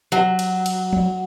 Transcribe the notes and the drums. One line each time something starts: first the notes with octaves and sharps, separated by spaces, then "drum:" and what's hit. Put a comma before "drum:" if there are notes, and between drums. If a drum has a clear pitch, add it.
F#3
drum: cymbal
drum: cymbal
drum: tom F3